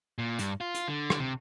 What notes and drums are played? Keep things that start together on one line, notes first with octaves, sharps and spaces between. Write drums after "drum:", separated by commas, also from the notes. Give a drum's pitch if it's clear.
A#2
G2, drum: hi-hat
F4
drum: hi-hat
D3
drum: rim click
C3